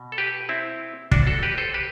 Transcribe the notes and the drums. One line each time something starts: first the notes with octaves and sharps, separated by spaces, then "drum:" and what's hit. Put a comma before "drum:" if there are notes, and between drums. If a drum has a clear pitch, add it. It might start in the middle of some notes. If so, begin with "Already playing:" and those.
Already playing: B2
A4
G4 B4
C4 E4
D4 F#4, drum: kick
F#4 A4
G4 B4
A4 C5
G4 B4